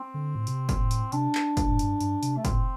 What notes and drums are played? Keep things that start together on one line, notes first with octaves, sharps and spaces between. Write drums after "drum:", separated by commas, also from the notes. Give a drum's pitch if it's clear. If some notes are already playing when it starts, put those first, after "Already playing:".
Already playing: C4
D3
A2
C3, drum: hi-hat
drum: kick, hi-hat
A2
drum: hi-hat
C3 D4, drum: hi-hat
drum: clap
F2, drum: kick, hi-hat
A2
G2, drum: hi-hat
G2, drum: hi-hat
C3, drum: hi-hat
A3
A2 C4, drum: kick, hi-hat